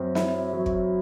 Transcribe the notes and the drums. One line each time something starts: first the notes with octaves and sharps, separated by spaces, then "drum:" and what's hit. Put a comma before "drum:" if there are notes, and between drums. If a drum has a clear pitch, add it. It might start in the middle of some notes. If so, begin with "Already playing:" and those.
Already playing: F#2 C4
E4, drum: snare
F#3
drum: kick